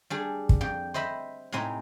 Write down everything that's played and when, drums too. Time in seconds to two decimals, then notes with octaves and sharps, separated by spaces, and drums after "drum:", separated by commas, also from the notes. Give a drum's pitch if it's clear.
0.10 G3 D4 G#4
0.49 drum: kick
0.61 F2 G5
0.94 C5 D#5 E5 B5
1.52 A2 C3 C4 D#4 G#5 C6